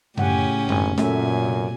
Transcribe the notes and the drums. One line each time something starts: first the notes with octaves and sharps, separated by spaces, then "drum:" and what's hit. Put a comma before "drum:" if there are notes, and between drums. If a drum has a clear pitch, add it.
A2 C#3 C#4 G4 F#5 G#5, drum: tom F#2
G#1 G#5, drum: tom F#2
F#2 A#2 A3 C#4 E5 G#5, drum: snare
C3